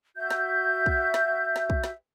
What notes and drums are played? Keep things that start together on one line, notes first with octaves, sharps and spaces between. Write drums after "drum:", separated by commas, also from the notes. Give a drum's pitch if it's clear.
F#4 E5 G6
drum: snare
drum: kick
drum: snare
drum: snare
drum: kick
drum: snare